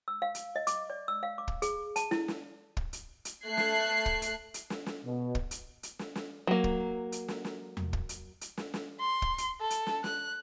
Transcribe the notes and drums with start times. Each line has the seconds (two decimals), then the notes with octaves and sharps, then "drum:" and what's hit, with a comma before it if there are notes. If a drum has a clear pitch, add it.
0.08 E6
0.22 F5
0.35 drum: hi-hat
0.56 D#5
0.67 D6, drum: hi-hat
0.90 D5
1.08 E6
1.23 F5
1.38 D6
1.48 drum: kick
1.62 G#4, drum: hi-hat
1.96 A5, drum: hi-hat
2.11 E4, drum: snare
2.28 drum: snare
2.77 drum: kick
2.93 drum: hi-hat
3.25 drum: hi-hat
3.46 A3 F#6 G#6 C7
3.57 drum: snare
4.06 drum: kick
4.22 drum: hi-hat
4.54 drum: hi-hat
4.70 drum: snare
4.86 drum: snare
5.05 B2
5.35 drum: kick
5.51 drum: hi-hat
5.83 drum: hi-hat
5.99 drum: snare
6.15 drum: snare
6.47 F#3 A#3
6.64 drum: kick
7.12 drum: hi-hat
7.28 drum: snare
7.45 drum: snare
7.77 drum: tom E2
7.93 drum: kick
8.09 drum: hi-hat
8.41 drum: hi-hat
8.57 drum: snare
8.74 drum: snare
9.00 C6
9.22 drum: kick
9.38 drum: hi-hat
9.61 A4
9.70 drum: hi-hat
9.87 drum: snare
10.04 F#6, drum: snare